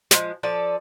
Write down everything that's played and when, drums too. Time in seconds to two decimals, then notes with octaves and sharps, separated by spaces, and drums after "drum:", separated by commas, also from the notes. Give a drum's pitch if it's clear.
0.11 D3 F3 G#3, drum: snare
0.43 F3 A4 D5